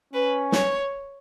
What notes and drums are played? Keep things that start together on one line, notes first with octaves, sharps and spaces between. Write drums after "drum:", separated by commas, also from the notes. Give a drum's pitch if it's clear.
C#4 B4
C#5, drum: snare